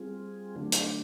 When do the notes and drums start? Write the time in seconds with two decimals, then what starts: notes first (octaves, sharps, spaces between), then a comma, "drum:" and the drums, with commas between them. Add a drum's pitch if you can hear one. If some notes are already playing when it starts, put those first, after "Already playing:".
Already playing: G3 C4 F4 G#4
0.55 D3 F#3 A3 D4
0.72 drum: hi-hat